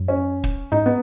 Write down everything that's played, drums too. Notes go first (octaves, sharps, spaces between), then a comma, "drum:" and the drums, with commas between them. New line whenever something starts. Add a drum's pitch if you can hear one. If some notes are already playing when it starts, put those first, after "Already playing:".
Already playing: F#2
C#4
drum: kick
G#2 D#4
B3